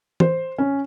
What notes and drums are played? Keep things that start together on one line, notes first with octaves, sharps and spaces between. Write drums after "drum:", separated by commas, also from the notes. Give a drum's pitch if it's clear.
C5, drum: tom
C#4